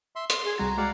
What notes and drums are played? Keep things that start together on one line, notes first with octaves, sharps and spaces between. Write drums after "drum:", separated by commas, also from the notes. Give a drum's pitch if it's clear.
E5 C6
C6, drum: hi-hat
G#4
C2 G3 F#4 A#5 G#6
G#3 F#4 D5 F5 F#5